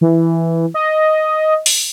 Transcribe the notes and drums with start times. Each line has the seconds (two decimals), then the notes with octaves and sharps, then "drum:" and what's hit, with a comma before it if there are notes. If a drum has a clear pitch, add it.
0.01 E3
0.74 D#5
1.66 drum: open hi-hat